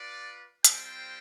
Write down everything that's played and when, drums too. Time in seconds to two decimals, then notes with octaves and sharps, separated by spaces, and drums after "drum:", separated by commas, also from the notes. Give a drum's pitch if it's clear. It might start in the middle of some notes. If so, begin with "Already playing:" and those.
Already playing: F4 B4 D5
0.64 G3 C4 F4 C5 G5, drum: hi-hat